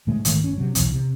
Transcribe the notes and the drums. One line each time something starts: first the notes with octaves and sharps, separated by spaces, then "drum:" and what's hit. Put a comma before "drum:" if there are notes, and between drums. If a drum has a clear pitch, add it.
A2 C#3 G#3 A3
G#1 G#2 D#3 A3, drum: hi-hat
G1 C#4
C3 F#3
B1 E2 B2, drum: hi-hat
C3